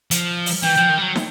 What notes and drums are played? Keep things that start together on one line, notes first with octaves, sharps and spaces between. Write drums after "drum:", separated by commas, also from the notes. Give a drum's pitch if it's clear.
F3, drum: hi-hat
drum: open hi-hat
E3 G5
F3
D#3
G3
F#3
drum: snare